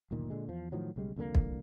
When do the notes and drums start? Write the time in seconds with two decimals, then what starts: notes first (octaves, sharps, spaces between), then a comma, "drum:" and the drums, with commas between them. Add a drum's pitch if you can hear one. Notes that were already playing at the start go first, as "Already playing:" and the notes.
0.11 F#1 D2 A#2 D#3
0.30 A#2 D3 G#3
0.48 E2 F3
0.72 A2 D#3 F3 F#3
0.96 B1 C#3 G3 G#3
1.16 C2 F2 D3 A#3
1.35 drum: kick